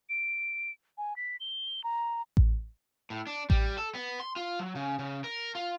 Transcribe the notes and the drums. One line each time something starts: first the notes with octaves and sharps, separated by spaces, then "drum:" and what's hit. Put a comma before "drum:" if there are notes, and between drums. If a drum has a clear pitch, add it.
D7
G#5
B6
G7
A#5
drum: kick A1
A2
D4
G3, drum: kick A1
A4
B3
C6
F4
F#3
C#3
C#3
A#4
F4